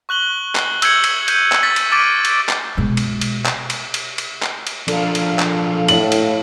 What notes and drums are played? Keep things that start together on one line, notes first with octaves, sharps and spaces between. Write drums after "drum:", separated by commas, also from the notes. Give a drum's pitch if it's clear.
C#6 F#6 F#7 G7
drum: clap
E6 G6 G#6 C#7 F#7, drum: cymbal
drum: cymbal
G6 D#7, drum: cymbal
drum: clap
C#6 A6 B6
drum: cymbal
C#6 D6 F6 A6 D7 D#7
drum: cymbal
drum: clap
B2 G#3
drum: cymbal
drum: cymbal
drum: clap
drum: cymbal
drum: cymbal
drum: cymbal
drum: clap
drum: cymbal
F3 D4 A4 F5, drum: cymbal
drum: cymbal
drum: clap
A2 F#7, drum: cymbal
drum: cymbal